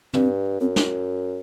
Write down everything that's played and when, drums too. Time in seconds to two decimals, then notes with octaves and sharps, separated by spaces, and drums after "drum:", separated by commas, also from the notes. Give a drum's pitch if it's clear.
0.14 G2 C4, drum: tom
0.60 F#2 C4
0.76 D4, drum: snare